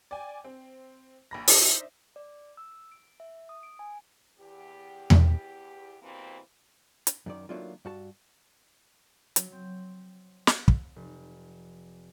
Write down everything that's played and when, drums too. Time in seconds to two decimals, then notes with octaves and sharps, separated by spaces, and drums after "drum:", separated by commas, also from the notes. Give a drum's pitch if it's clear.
0.11 D5 G5 G#5
0.44 C4
1.31 A#1 B5 A#6
1.48 D4 D#4 C5 E5, drum: open hi-hat
2.16 D5
2.57 E6
2.92 D7
3.20 E5
3.49 D#6
3.63 D7
3.79 G#5
4.39 E2 G4
5.10 drum: tom E2
6.01 B2 E3 G3 A#3 C4
7.07 drum: hi-hat
7.26 F#2 D#3 D5
7.49 D#3 F#3 A3 A#3 D4 F4
7.85 G2 F#4 A5
9.36 F#3, drum: hi-hat
9.52 C4
10.47 drum: snare
10.68 drum: kick
10.96 F1